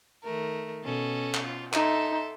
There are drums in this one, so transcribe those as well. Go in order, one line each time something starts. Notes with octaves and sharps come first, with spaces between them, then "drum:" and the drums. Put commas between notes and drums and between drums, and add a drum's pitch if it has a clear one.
D#3 A3 A#4
B2 C#4 A4
drum: clap
F4
D#4 A4 E5 C6, drum: clap